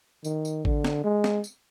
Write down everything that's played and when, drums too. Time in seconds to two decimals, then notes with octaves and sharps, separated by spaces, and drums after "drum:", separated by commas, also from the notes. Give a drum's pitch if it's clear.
0.24 D#3, drum: tambourine
0.45 drum: tambourine
0.65 D3, drum: kick G#1
0.84 drum: snare
1.04 G#3
1.24 drum: snare
1.44 drum: tambourine